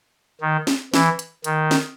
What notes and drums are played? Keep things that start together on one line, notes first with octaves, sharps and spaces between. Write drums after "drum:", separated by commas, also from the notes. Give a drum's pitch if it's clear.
D#3
drum: snare
E3, drum: snare
drum: hi-hat
D#3, drum: hi-hat
drum: snare